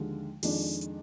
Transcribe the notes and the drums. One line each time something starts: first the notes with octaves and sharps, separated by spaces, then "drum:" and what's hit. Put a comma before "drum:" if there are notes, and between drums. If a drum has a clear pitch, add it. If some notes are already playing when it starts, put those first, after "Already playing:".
Already playing: D#2 D3 F3 G#3
F2 D#3 G#3 D4, drum: open hi-hat
drum: hi-hat